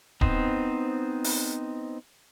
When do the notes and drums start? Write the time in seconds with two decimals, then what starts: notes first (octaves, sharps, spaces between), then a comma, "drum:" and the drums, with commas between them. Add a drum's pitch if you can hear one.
0.21 B3 C4 D#4 C5, drum: kick D1
1.24 drum: open hi-hat